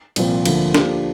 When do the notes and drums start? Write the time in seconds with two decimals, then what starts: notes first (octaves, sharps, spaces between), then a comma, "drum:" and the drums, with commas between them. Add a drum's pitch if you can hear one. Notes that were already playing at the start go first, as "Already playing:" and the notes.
0.16 C2 A#2 F3 C4, drum: cymbal
0.45 D2 D3 F3 A#3, drum: cymbal
0.74 F3 A#3 D4 G4, drum: snare